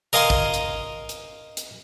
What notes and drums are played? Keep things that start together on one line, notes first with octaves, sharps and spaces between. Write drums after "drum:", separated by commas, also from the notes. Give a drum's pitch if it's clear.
A#4 D#5 F5 G#5 C6
drum: kick
drum: hi-hat
drum: hi-hat
drum: hi-hat